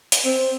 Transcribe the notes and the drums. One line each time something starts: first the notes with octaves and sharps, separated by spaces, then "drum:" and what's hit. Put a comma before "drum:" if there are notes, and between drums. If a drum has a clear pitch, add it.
drum: hi-hat
C4